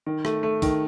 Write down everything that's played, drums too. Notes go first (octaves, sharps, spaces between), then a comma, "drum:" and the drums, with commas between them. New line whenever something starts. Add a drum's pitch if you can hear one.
D#3
A3, drum: rim click
A3
D#3, drum: kick, open hi-hat